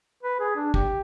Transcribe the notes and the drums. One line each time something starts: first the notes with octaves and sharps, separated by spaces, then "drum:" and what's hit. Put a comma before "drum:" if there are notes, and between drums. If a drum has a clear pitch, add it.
B4
G#4
D4
G4, drum: kick